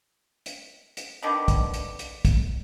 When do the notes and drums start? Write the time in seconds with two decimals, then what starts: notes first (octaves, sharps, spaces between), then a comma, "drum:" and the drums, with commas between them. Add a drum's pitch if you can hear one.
0.46 drum: hi-hat
0.97 drum: hi-hat
1.23 B2 D3 D#3 G3
1.48 drum: kick, hi-hat
1.74 drum: hi-hat
1.99 drum: hi-hat
2.25 drum: kick, hi-hat